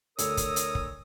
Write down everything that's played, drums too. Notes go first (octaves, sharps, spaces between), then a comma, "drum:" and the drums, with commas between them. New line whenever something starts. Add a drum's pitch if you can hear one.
D2 D3 A#4 C#5 D#6 E6, drum: hi-hat
drum: kick, hi-hat
drum: hi-hat
drum: kick